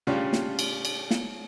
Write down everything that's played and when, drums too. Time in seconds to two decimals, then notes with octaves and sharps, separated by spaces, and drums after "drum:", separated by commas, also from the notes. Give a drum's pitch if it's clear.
0.07 A2 C#3 G3 C#4 D4 F4
0.33 drum: snare
0.59 drum: cymbal
0.85 drum: cymbal
1.11 drum: snare